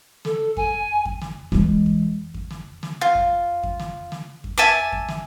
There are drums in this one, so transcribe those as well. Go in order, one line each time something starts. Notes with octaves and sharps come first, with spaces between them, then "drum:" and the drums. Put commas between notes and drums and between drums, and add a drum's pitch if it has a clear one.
A4, drum: snare
G#5, drum: kick F2
drum: kick F2
drum: snare
E3 G#3, drum: snare
drum: kick F2
drum: kick F2
drum: snare
drum: snare
F4
drum: kick F2
drum: kick F2
drum: snare
drum: snare
drum: kick F2
E5 G#5 A5 D6
drum: kick F2
drum: snare